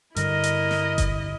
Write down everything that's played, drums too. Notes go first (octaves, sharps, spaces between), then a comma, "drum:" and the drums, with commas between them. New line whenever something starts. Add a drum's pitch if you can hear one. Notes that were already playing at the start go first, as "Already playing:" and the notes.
G2 D3 E4 A#4 D#5, drum: hi-hat
drum: hi-hat
drum: snare
drum: kick G1, hi-hat